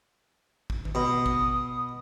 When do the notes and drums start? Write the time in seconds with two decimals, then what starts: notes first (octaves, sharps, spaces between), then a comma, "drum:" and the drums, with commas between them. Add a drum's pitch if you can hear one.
0.70 drum: kick
0.85 drum: tom D#3
0.95 B2 D#6
1.26 drum: kick